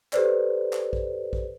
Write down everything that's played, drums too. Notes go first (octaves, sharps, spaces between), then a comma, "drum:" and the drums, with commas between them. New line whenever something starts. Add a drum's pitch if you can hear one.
G4 A4 B4 C5 D5, drum: clap
drum: clap
drum: kick
drum: kick